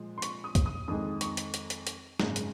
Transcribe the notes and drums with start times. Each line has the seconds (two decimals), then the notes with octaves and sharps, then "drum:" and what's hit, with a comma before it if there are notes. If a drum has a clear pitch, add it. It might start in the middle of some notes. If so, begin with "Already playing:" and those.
Already playing: A#2 F3 G#3
0.18 C6
0.22 C#6, drum: hi-hat
0.44 D#6
0.55 drum: kick C2, hi-hat
0.66 D#6
0.88 F2 D#3 G#3 D#4 D#6
1.21 C#6, drum: hi-hat
1.37 drum: hi-hat
1.54 drum: hi-hat
1.70 drum: hi-hat
1.87 drum: hi-hat
2.20 G#1 F#2 C#3 G#3, drum: snare
2.36 drum: hi-hat